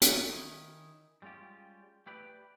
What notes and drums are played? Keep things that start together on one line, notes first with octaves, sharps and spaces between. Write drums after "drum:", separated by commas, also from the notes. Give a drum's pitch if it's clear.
F#3, drum: hi-hat
D#3 C#4 E4
G3 G#3 C#4 F4 G4
A3 G4 B4 D5